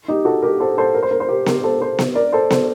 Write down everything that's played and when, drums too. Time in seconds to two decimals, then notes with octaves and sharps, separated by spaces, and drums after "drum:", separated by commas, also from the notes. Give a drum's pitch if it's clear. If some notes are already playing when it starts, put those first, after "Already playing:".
0.08 D#4 G4
0.25 F#4 A4
0.42 G4 A#4
0.60 A4 C5
0.78 A4 C5
0.95 A#4
1.03 C5
1.11 A#4
1.20 C5
1.29 G4 A#4
1.46 G4 A#4, drum: snare B3
1.64 A4 C5
1.81 A4 C5
1.99 drum: snare B3
2.15 A#4 D5
2.33 A4 C5
2.50 A4 C5, drum: snare B3